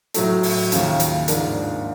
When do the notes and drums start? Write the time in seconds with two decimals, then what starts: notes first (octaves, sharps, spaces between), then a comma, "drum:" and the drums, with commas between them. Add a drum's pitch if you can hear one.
0.14 A2 F#3 A3, drum: hi-hat
0.43 drum: open hi-hat
0.72 D#2 C#3 F3, drum: hi-hat
1.00 drum: hi-hat
1.28 G#2 F3 A#3 D4, drum: hi-hat